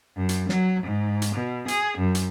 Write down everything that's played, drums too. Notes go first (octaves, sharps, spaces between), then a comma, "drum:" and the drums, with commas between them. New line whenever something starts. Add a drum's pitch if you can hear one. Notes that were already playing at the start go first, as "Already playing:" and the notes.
F#2
drum: hi-hat
F#3, drum: snare
G#2
drum: hi-hat
B2
G#4, drum: hi-hat
F#2
drum: hi-hat